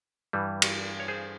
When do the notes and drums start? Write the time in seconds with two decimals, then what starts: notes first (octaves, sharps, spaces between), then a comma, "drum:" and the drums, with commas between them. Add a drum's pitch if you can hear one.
0.33 G2 E3 G3
0.62 drum: cymbal
1.00 C#5
1.08 G#4 C5